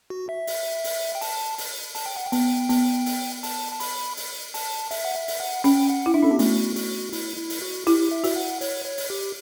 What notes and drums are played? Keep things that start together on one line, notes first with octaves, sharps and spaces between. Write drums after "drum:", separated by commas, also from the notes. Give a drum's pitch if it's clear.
F#4
E5
drum: open hi-hat
drum: open hi-hat
G5
A5, drum: open hi-hat
drum: open hi-hat
A5, drum: open hi-hat
G5
F#5
G5
B3, drum: open hi-hat
B3, drum: open hi-hat
drum: open hi-hat
A5, drum: open hi-hat
A5
B5, drum: open hi-hat
drum: open hi-hat
A5, drum: open hi-hat
E5, drum: open hi-hat
F#5
E5
drum: open hi-hat
F#5
C#4 G5, drum: open hi-hat
F#5
E4
D4 E5
C#4 A4
B3 G4
A3 F#4, drum: open hi-hat
F#4, drum: open hi-hat
E4, drum: open hi-hat
E4
drum: open hi-hat
F#4
E4 G4, drum: open hi-hat
E5
F#4, drum: open hi-hat
F#5
C#5, drum: open hi-hat
C#5
drum: open hi-hat
G4